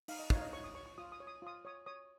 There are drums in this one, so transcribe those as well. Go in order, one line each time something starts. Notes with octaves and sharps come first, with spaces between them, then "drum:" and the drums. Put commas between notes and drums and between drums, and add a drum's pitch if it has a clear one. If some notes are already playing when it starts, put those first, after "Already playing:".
D#4 F5, drum: open hi-hat
D#5
D#4 C#5, drum: kick
F5
D#5
C#5 C#6
D#6
C#5 C#6
C#6
F4 D#6
D#6
C#5
D#6
F4 D#6
C#5 D#6
C#5 D#6